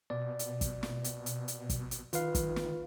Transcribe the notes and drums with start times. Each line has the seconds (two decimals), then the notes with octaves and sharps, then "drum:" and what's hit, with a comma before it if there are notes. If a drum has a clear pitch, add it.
0.10 B2 D5
0.39 drum: hi-hat
0.61 drum: kick, hi-hat
0.83 drum: snare
1.04 drum: hi-hat
1.26 drum: hi-hat
1.48 drum: hi-hat
1.69 drum: kick, hi-hat
1.91 drum: hi-hat
2.13 D#3 F4 B4 F5, drum: hi-hat
2.35 drum: kick, hi-hat
2.56 drum: snare